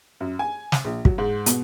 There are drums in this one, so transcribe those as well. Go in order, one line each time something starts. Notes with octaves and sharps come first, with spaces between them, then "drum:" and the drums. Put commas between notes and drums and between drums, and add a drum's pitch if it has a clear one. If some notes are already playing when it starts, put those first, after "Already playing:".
F#2
G#5
drum: snare
A#1
F#3, drum: kick
G#2
B2, drum: hi-hat